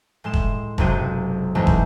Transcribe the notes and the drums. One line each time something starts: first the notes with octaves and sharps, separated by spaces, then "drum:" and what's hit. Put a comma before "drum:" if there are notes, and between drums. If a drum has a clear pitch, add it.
A2 G#3 C6 E7
drum: kick
F#1 B1 C3 F#4 G5 D#7, drum: kick
E2 G#2 D#3 G#3 A3 C4
drum: kick